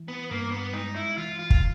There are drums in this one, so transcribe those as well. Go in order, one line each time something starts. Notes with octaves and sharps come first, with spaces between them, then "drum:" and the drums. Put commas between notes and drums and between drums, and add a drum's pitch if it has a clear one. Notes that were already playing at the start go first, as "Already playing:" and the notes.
Already playing: E3
B3
G2 A#3
B3
G#3 D#4
E4
E3 F4
F4
drum: kick